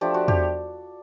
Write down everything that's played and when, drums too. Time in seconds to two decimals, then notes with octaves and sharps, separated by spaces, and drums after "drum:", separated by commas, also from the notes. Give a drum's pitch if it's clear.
0.01 F3 A3 D4 G4
0.14 F#4
0.28 G4, drum: tom E2